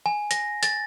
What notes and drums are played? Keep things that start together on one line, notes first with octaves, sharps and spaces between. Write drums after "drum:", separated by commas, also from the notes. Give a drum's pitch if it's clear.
G#5
A#6, drum: hi-hat
A6, drum: hi-hat